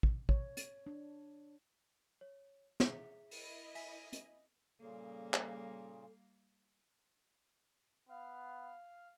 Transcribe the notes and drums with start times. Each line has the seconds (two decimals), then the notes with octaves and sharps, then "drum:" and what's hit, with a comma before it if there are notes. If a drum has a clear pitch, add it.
0.03 drum: kick
0.29 C#5, drum: kick
0.57 drum: hi-hat
0.86 D4
2.21 C#5
2.80 G#4 E5 B6, drum: snare
3.31 E4 D#5, drum: open hi-hat
3.75 E5 G#5 B6, drum: open hi-hat
4.13 drum: hi-hat
4.80 A#2 C#3 G3 A#3 A4
5.34 drum: clap
8.09 B3 F5